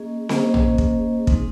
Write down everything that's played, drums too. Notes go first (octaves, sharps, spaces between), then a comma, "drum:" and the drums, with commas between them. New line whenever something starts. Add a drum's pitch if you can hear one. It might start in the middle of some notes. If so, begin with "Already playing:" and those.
Already playing: A#3 C#4 G#4 D#5
A#3 C#4 G#4 C5 D#5, drum: snare C4
drum: tom A#1
drum: kick
G#3 C4 D#4 G#4, drum: kick